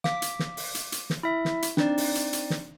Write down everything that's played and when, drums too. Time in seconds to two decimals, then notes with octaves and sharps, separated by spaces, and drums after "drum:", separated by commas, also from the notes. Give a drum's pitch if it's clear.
0.04 F5 D6 B6, drum: snare
0.22 drum: hi-hat
0.39 drum: snare
0.57 drum: open hi-hat
0.75 drum: hi-hat
0.92 drum: hi-hat
1.10 drum: snare
1.23 E4 E5
1.45 drum: snare
1.62 drum: hi-hat
1.77 C4 D4 D#4 D5, drum: snare
1.98 drum: open hi-hat
2.15 drum: hi-hat
2.33 drum: hi-hat
2.50 drum: snare